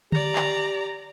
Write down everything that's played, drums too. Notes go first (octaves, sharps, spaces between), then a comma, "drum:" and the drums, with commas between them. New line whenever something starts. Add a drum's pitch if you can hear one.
G4 D5 A#5, drum: tom D3
drum: clap